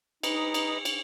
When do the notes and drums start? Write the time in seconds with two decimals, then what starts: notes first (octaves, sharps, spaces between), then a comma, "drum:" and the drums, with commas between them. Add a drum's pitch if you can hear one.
0.23 D#4 B4 D#5 A#5, drum: cymbal
0.54 drum: cymbal
0.85 drum: cymbal